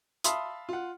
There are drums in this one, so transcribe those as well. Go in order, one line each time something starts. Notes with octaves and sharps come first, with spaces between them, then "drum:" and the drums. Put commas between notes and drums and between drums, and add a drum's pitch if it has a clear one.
E5 F5 A5 B5 C6 D#6, drum: hi-hat
F4 F#5